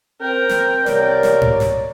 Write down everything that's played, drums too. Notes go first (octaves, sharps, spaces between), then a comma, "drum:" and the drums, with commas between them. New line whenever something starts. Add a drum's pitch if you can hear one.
C4 A#4 G5
drum: snare
C2 A#4 C#5 D5, drum: snare
drum: snare
drum: tom G#2
drum: snare